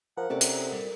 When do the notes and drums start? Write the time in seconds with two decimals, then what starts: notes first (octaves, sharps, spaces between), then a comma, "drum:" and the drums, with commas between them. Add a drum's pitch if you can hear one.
0.18 F3 A#4 F#5
0.30 C3 C#4 A4 D5
0.41 drum: hi-hat
0.72 G3